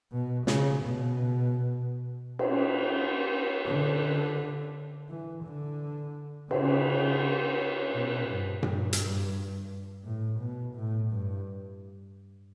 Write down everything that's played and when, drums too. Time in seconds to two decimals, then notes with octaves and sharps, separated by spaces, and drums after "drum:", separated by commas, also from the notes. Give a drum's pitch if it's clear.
0.12 B2
0.47 C#3, drum: snare
0.83 B2
2.39 drum: cymbal
3.67 D3
5.09 E3
5.44 D3
6.51 C#3, drum: cymbal
7.92 B2
8.28 G2
8.63 G2, drum: tom A#2
8.93 drum: hi-hat
10.04 A2
10.40 B2
10.76 A2
11.12 G2